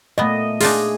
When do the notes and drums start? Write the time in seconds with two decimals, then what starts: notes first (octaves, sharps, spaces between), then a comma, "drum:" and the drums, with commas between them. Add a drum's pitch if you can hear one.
0.18 A#2 A3 B3 D#5
0.61 D4 D#4 F4 G#4, drum: open hi-hat